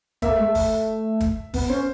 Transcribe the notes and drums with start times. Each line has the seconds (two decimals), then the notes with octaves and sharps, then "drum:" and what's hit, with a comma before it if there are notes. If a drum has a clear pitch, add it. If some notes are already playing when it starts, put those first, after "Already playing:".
0.22 A#3 E5, drum: kick, hi-hat
0.30 A3
0.37 G#3
0.45 A3
0.55 drum: kick, open hi-hat
1.20 drum: kick, hi-hat
1.54 B3, drum: kick, open hi-hat
1.69 C#4 C5